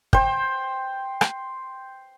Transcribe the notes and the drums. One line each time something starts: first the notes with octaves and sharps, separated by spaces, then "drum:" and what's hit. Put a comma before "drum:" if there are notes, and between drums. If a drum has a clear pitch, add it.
C5 G5, drum: kick G1
drum: rim click